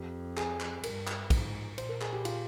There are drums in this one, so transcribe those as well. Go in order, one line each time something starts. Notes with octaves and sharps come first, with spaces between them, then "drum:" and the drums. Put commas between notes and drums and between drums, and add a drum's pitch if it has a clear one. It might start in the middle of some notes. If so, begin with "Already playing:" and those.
Already playing: F2 G4
G#4, drum: clap
drum: clap
G2 A#4, drum: cymbal
drum: clap
G#2, drum: kick, cymbal
A#2 C5, drum: cymbal
A#4
G#4, drum: clap
G4
F4, drum: cymbal